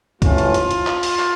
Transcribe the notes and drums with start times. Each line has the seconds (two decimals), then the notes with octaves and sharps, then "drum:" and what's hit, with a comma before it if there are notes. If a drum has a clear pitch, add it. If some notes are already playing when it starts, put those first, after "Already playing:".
0.22 A1 G#2 E3 A3 C#4 F4, drum: kick, hi-hat
0.38 drum: hi-hat
0.54 drum: hi-hat
0.71 drum: hi-hat
0.87 drum: clap
1.03 drum: open hi-hat
1.19 drum: clap